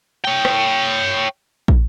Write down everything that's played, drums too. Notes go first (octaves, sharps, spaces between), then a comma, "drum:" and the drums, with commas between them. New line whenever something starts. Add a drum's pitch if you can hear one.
C#5 G5
drum: rim click
drum: kick